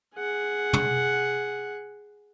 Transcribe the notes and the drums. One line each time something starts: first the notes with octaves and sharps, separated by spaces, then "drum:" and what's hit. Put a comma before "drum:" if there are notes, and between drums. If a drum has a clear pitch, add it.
G#4 F#5
drum: tom